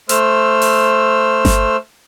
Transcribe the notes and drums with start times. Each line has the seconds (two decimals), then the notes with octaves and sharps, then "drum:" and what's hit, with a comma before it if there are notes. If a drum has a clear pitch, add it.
0.09 A3 C5 E6 F6, drum: hi-hat
0.62 drum: open hi-hat
1.45 drum: snare G1